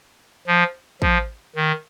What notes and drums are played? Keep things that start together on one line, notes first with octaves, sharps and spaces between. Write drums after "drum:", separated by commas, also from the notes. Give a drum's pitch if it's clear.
F3
F3, drum: kick
D#3